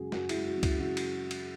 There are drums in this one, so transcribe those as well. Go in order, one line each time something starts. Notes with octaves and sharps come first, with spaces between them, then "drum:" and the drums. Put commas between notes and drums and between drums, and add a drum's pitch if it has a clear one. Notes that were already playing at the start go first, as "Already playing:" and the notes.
Already playing: F#2 C#3 G#3 F#4 G#4
F#2 F#4, drum: snare
G#3 E4 G#4, drum: cymbal
F#4
F#2
E4, drum: kick C#2, cymbal
C#3 F#4
drum: cymbal
drum: cymbal